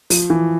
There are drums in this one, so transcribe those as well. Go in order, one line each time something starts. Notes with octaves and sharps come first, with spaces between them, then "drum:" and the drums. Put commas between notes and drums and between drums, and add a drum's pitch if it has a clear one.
F3, drum: open hi-hat
E3